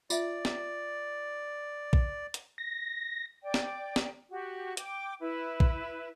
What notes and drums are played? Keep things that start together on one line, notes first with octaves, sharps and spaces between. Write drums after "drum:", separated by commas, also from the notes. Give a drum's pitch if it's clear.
F4 D5 E5, drum: tambourine
drum: snare
drum: kick A#1
drum: hi-hat
A#6
D5 G5
drum: snare
drum: snare
F#4 G4
G5 D6, drum: hi-hat
E4 B4
drum: kick A#1